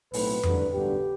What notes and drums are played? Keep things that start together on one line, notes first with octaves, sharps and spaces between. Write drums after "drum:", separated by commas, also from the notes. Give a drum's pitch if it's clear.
B1 A2 F#3 C4 B4, drum: open hi-hat
A1 G2 D3 F#3, drum: tom F2
A1 G2 D3 F#3 B3 G4